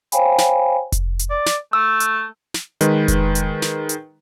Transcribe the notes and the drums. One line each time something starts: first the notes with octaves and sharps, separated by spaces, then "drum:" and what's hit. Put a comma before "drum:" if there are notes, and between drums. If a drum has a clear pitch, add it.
C5 C#5 F5 G5 G#5 B5, drum: hi-hat
drum: snare
drum: kick F1, hi-hat
drum: hi-hat
D5
drum: snare
A3 E6
drum: hi-hat
drum: snare
D#3 G#3 B4, drum: hi-hat
drum: kick F1, hi-hat
drum: hi-hat
drum: snare
drum: hi-hat